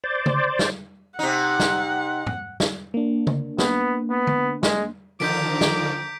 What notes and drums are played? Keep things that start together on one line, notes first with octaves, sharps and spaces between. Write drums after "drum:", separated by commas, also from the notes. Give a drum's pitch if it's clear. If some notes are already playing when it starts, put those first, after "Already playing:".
C5 D5
drum: tom C#3
drum: snare
C3 D#4 F#5
drum: snare
drum: tom G#2
drum: snare
A#3 D4
drum: tom C#3
B3, drum: snare
B3
drum: tom D3
G#3, drum: snare
D3 D#3 F3 A#5 D6 G6 B6 D7
drum: snare